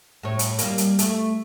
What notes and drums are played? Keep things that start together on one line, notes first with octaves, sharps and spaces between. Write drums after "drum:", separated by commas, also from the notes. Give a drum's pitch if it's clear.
A2 C#5
drum: hi-hat
G3 A#3, drum: hi-hat
drum: hi-hat
A3, drum: hi-hat